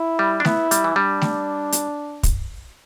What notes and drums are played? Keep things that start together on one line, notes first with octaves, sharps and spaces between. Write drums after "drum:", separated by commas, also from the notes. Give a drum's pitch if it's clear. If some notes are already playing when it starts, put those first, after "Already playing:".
Already playing: E4
G3
D4
B3 E4, drum: snare A3
G3, drum: hi-hat
E3
G3 D4
drum: snare A3
drum: hi-hat
drum: kick, hi-hat